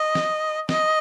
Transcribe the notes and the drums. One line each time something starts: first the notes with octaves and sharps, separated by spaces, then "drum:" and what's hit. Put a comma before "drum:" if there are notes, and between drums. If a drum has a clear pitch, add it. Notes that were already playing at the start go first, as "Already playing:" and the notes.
Already playing: D#5
drum: snare
D#5, drum: snare